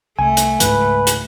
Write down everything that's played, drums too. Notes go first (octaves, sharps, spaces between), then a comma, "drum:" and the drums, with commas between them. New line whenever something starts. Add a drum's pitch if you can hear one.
C2 A3 G#5
drum: hi-hat
C#2 G#2 E3 B4, drum: hi-hat
drum: hi-hat